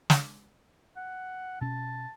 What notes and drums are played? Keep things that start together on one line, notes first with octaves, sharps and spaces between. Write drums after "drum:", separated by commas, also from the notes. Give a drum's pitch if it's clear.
drum: snare
F#5
B2 C#4 A5